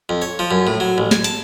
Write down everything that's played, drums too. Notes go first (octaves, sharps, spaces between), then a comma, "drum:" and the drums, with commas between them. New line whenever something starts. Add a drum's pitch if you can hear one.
F2
C#5
F3
F#2
A2
F#3
A1
G#5, drum: snare
A5, drum: hi-hat